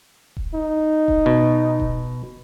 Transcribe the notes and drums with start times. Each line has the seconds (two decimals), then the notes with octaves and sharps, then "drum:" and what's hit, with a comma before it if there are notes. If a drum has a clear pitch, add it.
0.37 drum: kick D#1
0.54 D#4
1.08 drum: kick D#1
1.26 B2
1.80 drum: kick D#1